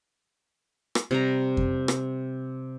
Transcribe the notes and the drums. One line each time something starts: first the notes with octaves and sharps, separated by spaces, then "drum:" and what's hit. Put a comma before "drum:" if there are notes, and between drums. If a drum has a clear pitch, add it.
drum: rim click
C3 G3 A#5
drum: kick F2
drum: rim click